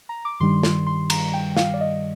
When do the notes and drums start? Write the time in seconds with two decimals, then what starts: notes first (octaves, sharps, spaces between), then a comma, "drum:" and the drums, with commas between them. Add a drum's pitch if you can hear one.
0.09 A#5
0.25 D6
0.40 G2 D#3 G3 C6
0.63 drum: snare
0.87 C6
1.10 A#5, drum: cymbal
1.34 G5
1.57 F5, drum: snare
1.74 D5
1.81 D#5